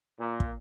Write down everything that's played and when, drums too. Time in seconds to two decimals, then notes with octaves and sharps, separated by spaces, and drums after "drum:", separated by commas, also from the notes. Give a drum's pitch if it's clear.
0.19 A#2
0.40 drum: kick